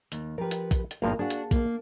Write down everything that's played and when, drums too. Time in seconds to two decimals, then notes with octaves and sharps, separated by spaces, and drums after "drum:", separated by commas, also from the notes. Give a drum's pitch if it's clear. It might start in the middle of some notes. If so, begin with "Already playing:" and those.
0.12 D#2, drum: hi-hat
0.38 F3 G4 A#4 B4
0.51 drum: hi-hat
0.71 drum: kick, hi-hat
0.91 drum: hi-hat
1.02 G#1 G2 B2 F3 A#3
1.19 D4 F#4 G#4 F5
1.30 drum: hi-hat
1.51 A#3, drum: kick, hi-hat